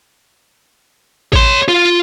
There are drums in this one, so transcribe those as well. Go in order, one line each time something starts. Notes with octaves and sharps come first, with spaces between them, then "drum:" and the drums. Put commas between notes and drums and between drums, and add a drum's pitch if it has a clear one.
C#5 C6, drum: kick A1
F4